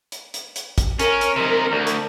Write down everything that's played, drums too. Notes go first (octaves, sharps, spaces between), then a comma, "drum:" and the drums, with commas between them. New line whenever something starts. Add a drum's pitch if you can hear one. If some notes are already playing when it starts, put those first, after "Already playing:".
drum: hi-hat
drum: hi-hat
drum: hi-hat
drum: kick, hi-hat
C#4 A#4, drum: hi-hat
drum: hi-hat
C3 D#4
D2
drum: hi-hat